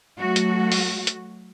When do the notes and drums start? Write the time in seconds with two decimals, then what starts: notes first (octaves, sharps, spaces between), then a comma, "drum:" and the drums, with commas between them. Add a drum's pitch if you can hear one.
0.18 F#3 A3 F#4
0.36 drum: hi-hat
0.72 drum: open hi-hat
1.07 drum: hi-hat